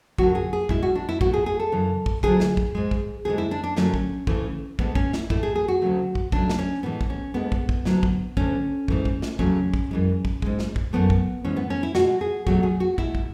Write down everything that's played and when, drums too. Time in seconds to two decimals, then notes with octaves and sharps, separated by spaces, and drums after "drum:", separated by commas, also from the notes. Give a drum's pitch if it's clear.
0.18 F#2 D3 F#3 F#4, drum: kick
0.35 G#4
0.53 G#4
0.69 B2 G#3 E4, drum: kick
0.82 F#4
0.95 D4
1.09 E4
1.21 B2 A3 F#4, drum: kick
1.34 G#4
1.46 G#4
1.59 A4
1.72 F#2 C#3 E3
2.06 drum: kick
2.23 D2 D3 F#3 A3 G#4, drum: kick
2.40 drum: snare
2.57 drum: kick
2.75 G#2 G#3
2.91 drum: kick
3.25 D2 D3 G#3 G#4
3.38 E4
3.51 D4
3.64 D4
3.77 F#2 D3 F#3 A3 C#4, drum: snare
3.94 drum: kick
4.27 D2 C#3 E3 A3, drum: kick
4.79 D2 D3 G#3 B3, drum: kick
4.95 C#4, drum: kick
5.13 E4, drum: snare
5.30 A2 E3 A3 E4, drum: kick
5.43 G#4
5.55 G#4
5.68 F#4
5.82 D2 C#3 F#3 A3
6.15 drum: kick
6.32 E2 C#3 F#3 A3 D4, drum: kick
6.50 drum: snare
6.59 C#4
6.83 A2 E3 G#3 B3
7.01 drum: kick
7.10 C#4
7.34 D2 D3 G#3 B3
7.52 drum: kick
7.69 drum: kick
7.85 D2 D3 F#3 A3, drum: snare
8.03 drum: kick
8.37 D2 D3 A3 C#4, drum: kick
8.88 G#2 E3 A3, drum: kick
9.05 drum: kick
9.22 drum: snare
9.39 E2 C#3 F#3 A3 C#4, drum: kick
9.74 drum: kick
9.91 F#2 E3 G#3
10.25 drum: kick
10.42 G#2 G#3, drum: kick
10.59 drum: snare
10.76 drum: kick
10.93 F#2 E3 A3 B3
11.10 drum: kick
11.44 G#2 E3 G#3 C#4
11.56 B3
11.70 C#4
11.83 E4
11.95 B2 G#3 F#4, drum: snare
12.21 G#4
12.47 E2 B2 F#3 A3 F#4, drum: kick
12.63 G#4
12.80 F#4
12.98 B2 G#3 E4, drum: kick
13.15 drum: kick